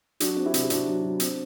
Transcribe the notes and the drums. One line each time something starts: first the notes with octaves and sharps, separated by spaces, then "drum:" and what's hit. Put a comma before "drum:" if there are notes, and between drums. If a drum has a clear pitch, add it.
F#3 D4 F#4, drum: hi-hat
C4 F#4
E4 G4
C3, drum: hi-hat
G4
C3 D4 F#4, drum: hi-hat
F#3
F#3
C4, drum: hi-hat